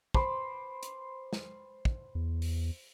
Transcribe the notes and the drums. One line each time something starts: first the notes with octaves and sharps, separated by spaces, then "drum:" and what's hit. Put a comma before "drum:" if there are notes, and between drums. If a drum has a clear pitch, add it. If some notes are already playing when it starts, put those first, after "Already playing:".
C5 B5 D6, drum: kick
drum: hi-hat
drum: snare
drum: kick
E2
drum: open hi-hat